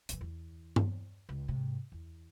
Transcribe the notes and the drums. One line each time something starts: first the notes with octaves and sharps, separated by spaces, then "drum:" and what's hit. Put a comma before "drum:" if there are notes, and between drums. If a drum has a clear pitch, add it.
A#2 E3, drum: hi-hat
E2
drum: tom G2
C#2
G#2 C3
E2